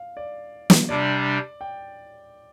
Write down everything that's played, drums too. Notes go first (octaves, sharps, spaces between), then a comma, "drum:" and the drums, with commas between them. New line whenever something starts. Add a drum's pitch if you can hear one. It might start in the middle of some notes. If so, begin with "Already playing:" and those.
Already playing: F5
D5
drum: snare
C3 G3 D4 D5
G5